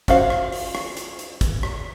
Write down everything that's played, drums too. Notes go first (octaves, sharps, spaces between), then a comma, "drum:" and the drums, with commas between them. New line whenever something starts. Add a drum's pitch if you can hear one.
C#4 F4 F#4 C5 F5, drum: kick, hi-hat
drum: rim click
drum: open hi-hat
drum: rim click
drum: hi-hat
drum: hi-hat
drum: kick, hi-hat
drum: rim click